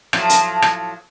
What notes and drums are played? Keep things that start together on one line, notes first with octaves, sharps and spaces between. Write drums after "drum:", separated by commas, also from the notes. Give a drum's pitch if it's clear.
A2 F3 F#3, drum: rim click
drum: hi-hat
drum: rim click